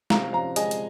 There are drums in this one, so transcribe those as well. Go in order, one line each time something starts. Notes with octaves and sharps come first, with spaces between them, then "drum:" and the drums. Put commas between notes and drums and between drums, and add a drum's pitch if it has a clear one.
C3 F5 A#5, drum: snare
F3 F5 A#5
G#3 D#5 G#5, drum: hi-hat
drum: hi-hat